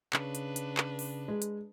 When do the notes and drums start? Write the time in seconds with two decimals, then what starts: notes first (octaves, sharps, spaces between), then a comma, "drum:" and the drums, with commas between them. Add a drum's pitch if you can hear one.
0.13 C#3 D4 B4, drum: clap
0.35 drum: hi-hat
0.56 drum: hi-hat
0.77 drum: clap
0.99 drum: open hi-hat
1.28 G#3
1.42 drum: hi-hat